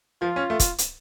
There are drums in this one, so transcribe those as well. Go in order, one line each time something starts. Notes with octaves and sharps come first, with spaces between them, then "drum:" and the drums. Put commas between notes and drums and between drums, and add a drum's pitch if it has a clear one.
F3 F4
C#4
A3
drum: kick, hi-hat
drum: hi-hat